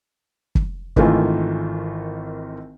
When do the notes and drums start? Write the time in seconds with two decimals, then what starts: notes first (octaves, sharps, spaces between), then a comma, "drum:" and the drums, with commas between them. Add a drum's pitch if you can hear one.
0.55 drum: kick
0.96 G#1 D#3 E3 A3 F4 G#5, drum: kick